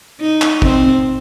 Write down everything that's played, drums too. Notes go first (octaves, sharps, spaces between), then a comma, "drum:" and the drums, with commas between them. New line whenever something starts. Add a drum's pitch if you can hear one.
D#4
drum: clap
C4, drum: kick